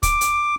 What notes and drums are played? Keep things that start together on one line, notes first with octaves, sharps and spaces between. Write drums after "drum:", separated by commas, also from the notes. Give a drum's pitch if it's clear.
D6, drum: kick, hi-hat
drum: hi-hat